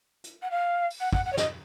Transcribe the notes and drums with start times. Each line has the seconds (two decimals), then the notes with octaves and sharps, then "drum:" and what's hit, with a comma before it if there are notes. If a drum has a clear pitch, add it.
0.24 drum: hi-hat
0.42 F#5
0.50 F5
0.90 drum: open hi-hat
1.00 F#5
1.13 F#5, drum: kick
1.25 F#5
1.32 C#5
1.37 D#5, drum: snare